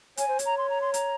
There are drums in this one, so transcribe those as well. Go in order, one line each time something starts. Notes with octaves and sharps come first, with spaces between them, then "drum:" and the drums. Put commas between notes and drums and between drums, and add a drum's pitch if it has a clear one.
C#5 G#5, drum: hi-hat
C5
C#5, drum: hi-hat
A#5
C6
A#5
C6
A#5, drum: hi-hat